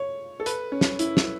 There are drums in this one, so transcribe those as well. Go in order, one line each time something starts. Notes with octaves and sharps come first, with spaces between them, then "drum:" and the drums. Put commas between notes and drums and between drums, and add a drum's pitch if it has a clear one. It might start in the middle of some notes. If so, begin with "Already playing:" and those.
Already playing: C#5
A4
B4, drum: hi-hat
C#4
drum: snare
E4, drum: hi-hat
drum: snare